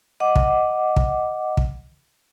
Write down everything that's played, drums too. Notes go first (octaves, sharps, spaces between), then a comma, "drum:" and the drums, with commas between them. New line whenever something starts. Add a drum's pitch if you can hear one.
D#5 F#5 D6
drum: kick
drum: kick
drum: kick